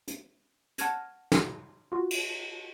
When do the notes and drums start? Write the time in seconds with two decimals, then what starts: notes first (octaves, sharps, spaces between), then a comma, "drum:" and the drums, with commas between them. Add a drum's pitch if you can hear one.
0.08 drum: hi-hat
0.78 F#5 A5 C#6 F6 G#6 A#6, drum: hi-hat
1.32 drum: snare
1.92 F4 F#4
2.11 drum: cymbal